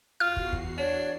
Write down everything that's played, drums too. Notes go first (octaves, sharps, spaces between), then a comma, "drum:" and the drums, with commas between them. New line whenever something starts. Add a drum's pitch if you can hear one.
E2 F4 F#4 F6 C7
drum: kick
drum: kick
D4 C#5